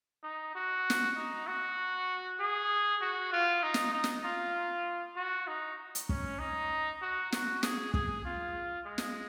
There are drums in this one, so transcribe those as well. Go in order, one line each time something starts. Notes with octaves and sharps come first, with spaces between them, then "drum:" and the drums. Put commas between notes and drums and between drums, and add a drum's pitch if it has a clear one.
D#4
F#4
drum: snare
D#4
F#4
G#4
F#4
F4
D#4
drum: snare
D#4
drum: snare
F4
F#4
D#4
drum: hi-hat
C#4, drum: kick
D#4
F#4
F#4, drum: snare
G#4, drum: snare
G#4, drum: kick
F4
G#3
drum: snare